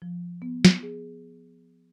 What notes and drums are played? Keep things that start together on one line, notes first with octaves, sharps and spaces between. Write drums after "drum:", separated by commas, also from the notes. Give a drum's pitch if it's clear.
F3
B3
drum: snare
G#4